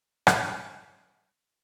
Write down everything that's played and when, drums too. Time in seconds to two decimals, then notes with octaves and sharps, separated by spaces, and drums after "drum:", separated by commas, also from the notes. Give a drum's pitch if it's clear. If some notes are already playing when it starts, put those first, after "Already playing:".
0.27 drum: rim click
0.41 G#5 D#6 F#6
1.04 C#5
1.29 G#5